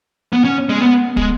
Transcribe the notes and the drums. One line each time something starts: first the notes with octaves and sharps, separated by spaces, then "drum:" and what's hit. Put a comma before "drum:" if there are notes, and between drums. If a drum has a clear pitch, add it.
B3
C#4
G#3
B3
G#3, drum: kick